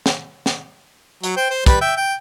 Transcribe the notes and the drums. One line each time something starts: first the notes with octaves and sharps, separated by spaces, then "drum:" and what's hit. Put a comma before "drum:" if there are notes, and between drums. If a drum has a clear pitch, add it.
drum: snare
drum: snare
F#3, drum: hi-hat
C5 G5
C5
G3 B4, drum: kick, hi-hat
E5 G5
G5